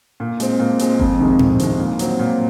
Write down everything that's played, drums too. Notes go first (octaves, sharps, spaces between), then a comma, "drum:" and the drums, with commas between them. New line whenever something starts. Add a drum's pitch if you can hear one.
A#2
G#3 C4, drum: hi-hat
A#2
G#3 C4, drum: hi-hat
F2, drum: kick G1
C3 D#3 G#3
F2, drum: tom A2
C3 D#3 G#3, drum: hi-hat
A#2
F#3 C4, drum: hi-hat
A#2